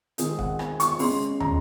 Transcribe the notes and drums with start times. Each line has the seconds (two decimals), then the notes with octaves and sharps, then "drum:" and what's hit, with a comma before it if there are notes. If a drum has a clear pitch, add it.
0.18 D#3 G#3 C4 D#4 G#4, drum: hi-hat
0.39 F#5, drum: kick
0.59 G#5, drum: rim click
0.80 C#6, drum: hi-hat
0.99 C#3 G#3 C#4 C6, drum: open hi-hat
1.40 A#5, drum: tom